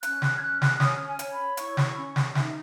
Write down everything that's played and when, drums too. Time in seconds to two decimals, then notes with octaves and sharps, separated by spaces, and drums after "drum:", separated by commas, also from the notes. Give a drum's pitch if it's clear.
0.03 C#4 F#6, drum: hi-hat
0.22 F#6, drum: snare
0.36 G#6
0.42 C#4 F#6
0.62 F#6, drum: snare
0.80 C#5 D#6, drum: snare
1.06 G#5
1.19 C#5, drum: hi-hat
1.32 B5
1.57 E4 C#6, drum: hi-hat
1.77 drum: snare
1.96 C#4
2.16 drum: snare
2.35 D#4 E5, drum: snare